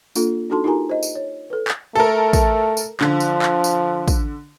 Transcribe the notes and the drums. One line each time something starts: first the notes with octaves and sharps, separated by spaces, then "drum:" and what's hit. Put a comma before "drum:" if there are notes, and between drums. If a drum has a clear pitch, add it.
A#3 D4 F4 A4, drum: tambourine
D4 D#4 F#4 A4 A5 C6
D#4 F4 G4 A#4 G#5 A#5
C5 D#5
drum: tambourine
C#5
A4 B4
drum: clap
A3 A4 A#4
drum: kick, tambourine
drum: tambourine
D3 F3, drum: clap
drum: tambourine
drum: clap
drum: tambourine
drum: kick, tambourine